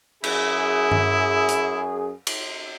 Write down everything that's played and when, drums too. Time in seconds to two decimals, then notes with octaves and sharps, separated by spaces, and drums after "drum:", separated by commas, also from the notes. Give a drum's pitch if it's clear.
0.24 F#2 E4 G#4, drum: cymbal
0.91 drum: tom G2
1.49 drum: hi-hat
2.27 drum: cymbal